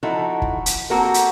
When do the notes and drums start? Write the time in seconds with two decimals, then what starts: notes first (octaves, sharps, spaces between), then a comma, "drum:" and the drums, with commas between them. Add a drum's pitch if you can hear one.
0.03 F3 D#4 E4 F#4 A4
0.42 drum: kick
0.66 drum: hi-hat
0.90 A#3 C4 F#4 A4 A#4
1.14 drum: hi-hat